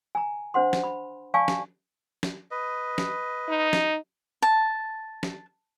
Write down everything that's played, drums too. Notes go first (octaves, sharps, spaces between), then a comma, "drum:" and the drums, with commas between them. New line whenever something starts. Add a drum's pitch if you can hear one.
G#5 A#5
D4 C5 F#5 C6
drum: snare
B5
D5 F5 G#5 A5 C#6
drum: snare
drum: snare
B4 D#5
drum: snare
D#4
drum: snare
A5
drum: snare